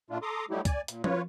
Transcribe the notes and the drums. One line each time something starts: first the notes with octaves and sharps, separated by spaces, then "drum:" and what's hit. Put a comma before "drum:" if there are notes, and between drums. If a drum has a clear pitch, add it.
A#2 A3 D4 F4
A4 A#5 C6 D6 D#6
F#3 G3 A3 D#4 E4 G4
D5 G#5, drum: kick, hi-hat
A#2, drum: hi-hat
F4 B4 C#5, drum: tom F3